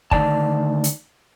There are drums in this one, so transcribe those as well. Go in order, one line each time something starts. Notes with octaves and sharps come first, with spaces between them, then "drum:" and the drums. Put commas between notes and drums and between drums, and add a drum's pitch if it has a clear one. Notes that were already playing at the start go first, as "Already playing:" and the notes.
D2 D#3 F3 D5 A5, drum: kick
drum: hi-hat